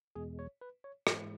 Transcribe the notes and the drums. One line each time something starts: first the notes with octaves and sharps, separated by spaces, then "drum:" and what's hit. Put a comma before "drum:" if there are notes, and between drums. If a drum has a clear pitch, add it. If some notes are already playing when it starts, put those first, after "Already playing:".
E2 B2 G#3 G#4
C#5
B4
C#5
G#2 E3 G#3 D#5, drum: rim click